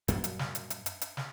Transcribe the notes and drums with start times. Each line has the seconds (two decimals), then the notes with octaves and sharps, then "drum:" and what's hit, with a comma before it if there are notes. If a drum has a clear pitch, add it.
0.08 F#2 A#2 F#3 G3, drum: hi-hat
0.24 drum: hi-hat
0.39 drum: snare
0.55 drum: hi-hat
0.70 drum: hi-hat
0.86 drum: hi-hat
1.01 drum: hi-hat
1.17 drum: snare